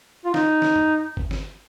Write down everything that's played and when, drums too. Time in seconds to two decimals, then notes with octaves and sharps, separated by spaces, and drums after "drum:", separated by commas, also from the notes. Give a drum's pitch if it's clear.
0.25 F4
0.34 D#4, drum: snare
0.62 drum: snare
0.76 drum: tom F#2
1.17 drum: kick G1
1.31 drum: snare